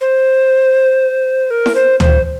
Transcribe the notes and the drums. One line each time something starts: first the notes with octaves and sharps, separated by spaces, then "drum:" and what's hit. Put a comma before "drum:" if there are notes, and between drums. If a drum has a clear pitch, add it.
C5
A#4
drum: snare E4
C5
C5, drum: tom D2